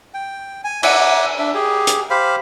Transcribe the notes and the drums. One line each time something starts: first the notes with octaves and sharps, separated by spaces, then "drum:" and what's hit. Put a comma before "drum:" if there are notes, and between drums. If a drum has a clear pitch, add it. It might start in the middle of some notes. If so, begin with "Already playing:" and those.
G5
G#5
E5 F#5 G#5 D6, drum: cymbal
D4 E5
G4 G#4
drum: hi-hat
G4 C5 F5 B5